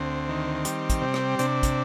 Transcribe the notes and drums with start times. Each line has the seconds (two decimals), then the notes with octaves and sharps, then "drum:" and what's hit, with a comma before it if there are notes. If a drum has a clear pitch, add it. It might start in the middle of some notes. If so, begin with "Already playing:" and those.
Already playing: D2 C4
0.29 D#3
0.65 G3, drum: hi-hat
0.90 drum: kick, hi-hat
1.01 C3
1.14 drum: rim click
1.39 C3 D4, drum: hi-hat
1.63 drum: kick, hi-hat